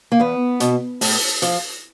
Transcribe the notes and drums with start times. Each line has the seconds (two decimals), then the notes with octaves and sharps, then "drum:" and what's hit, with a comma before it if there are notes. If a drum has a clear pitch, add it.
0.12 A#3
0.20 E2 B3
0.60 B2, drum: hi-hat
1.01 A2, drum: open hi-hat
1.42 F3, drum: hi-hat